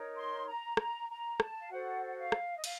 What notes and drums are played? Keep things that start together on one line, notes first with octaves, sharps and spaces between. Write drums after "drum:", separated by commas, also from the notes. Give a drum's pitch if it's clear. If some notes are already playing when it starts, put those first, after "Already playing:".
Already playing: D#4 A#4 C#5
C6
A#5
A#5, drum: rim click
A#5
A5, drum: rim click
F5
F#4 A4 C5 F#5
F#5
F5
drum: rim click
D#5
F5, drum: cymbal